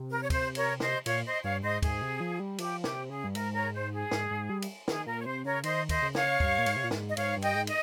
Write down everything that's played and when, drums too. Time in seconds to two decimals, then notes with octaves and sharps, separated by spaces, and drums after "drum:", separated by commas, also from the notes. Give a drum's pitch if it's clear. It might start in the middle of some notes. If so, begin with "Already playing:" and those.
Already playing: C3
0.11 A#4
0.21 C#5
0.30 C5, drum: kick, cymbal
0.55 A#4 C#5, drum: cymbal
0.80 C5 D#5, drum: snare
1.06 A#2 C#5 F5, drum: cymbal
1.26 C5 D#5
1.44 G2 C#5 F5
1.63 G#2 C5 D#5
1.82 G#2 G#4, drum: kick, cymbal
2.02 C3
2.20 F3
2.40 G3
2.58 F3 G4, drum: cymbal
2.84 C3 G4, drum: snare
3.09 C#3 G#4
3.24 G2
3.35 G#2 A#4, drum: cymbal
3.54 A#4 C#5
3.73 C5
3.92 G#4
4.11 G#2, drum: snare
4.31 G#2
4.50 G3
4.62 drum: cymbal
4.88 D#3 G#4, drum: snare
5.06 A#2 A#4
5.20 C#5
5.26 C3 C5
5.45 C#3 A#4 C#5
5.63 D#3 C5 D#5, drum: cymbal
5.89 C5 D#5, drum: kick, cymbal
6.02 C#3
6.15 C#5 F5, drum: snare
6.40 G2, drum: kick
6.58 A#2
6.66 G#2, drum: cymbal
6.76 C3
6.84 A#2
6.91 G#2, drum: snare
7.08 D#5
7.17 G#2 C#5 F5, drum: cymbal
7.36 G2
7.42 D#5 G5, drum: cymbal
7.55 G#2
7.67 D#5, drum: cymbal